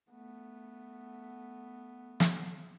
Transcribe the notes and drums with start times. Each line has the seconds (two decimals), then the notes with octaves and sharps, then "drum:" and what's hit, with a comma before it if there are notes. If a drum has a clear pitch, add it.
0.11 A3 B3
2.20 drum: snare